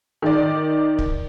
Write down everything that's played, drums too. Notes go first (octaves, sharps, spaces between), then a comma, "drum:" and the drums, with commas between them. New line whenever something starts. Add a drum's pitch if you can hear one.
D#3 D5
drum: kick